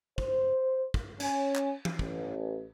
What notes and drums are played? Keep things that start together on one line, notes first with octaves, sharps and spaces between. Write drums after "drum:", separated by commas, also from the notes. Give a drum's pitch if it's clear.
C5, drum: kick
drum: kick
C#4, drum: cymbal
drum: clap
drum: tom E3
A1, drum: kick